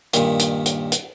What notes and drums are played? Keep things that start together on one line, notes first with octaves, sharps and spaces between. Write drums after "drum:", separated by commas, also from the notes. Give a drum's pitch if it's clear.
G2 A#2 D#3, drum: hi-hat
drum: hi-hat
drum: hi-hat
drum: hi-hat